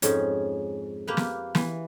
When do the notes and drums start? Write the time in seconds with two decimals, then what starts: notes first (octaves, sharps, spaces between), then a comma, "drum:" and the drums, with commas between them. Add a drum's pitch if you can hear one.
0.02 F2 G#2 C#4, drum: hi-hat
1.08 A#3 G4 B4
1.17 drum: snare
1.55 E3, drum: snare